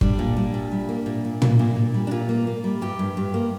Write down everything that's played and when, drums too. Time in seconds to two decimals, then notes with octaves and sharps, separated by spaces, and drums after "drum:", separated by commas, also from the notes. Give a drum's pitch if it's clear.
0.01 G3 D4, drum: kick G1
0.19 A#2
0.37 G3
0.54 A#2
0.72 G3
0.89 A#3
1.06 A#2
1.25 A#2
1.42 A#3, drum: tom
1.59 A#2
1.76 A#2
1.94 G3
2.07 D4
2.11 A#2 F4
2.29 A#3
2.47 A#3
2.64 G3
2.81 G2 G4
2.99 G2
3.17 G2
3.34 A#3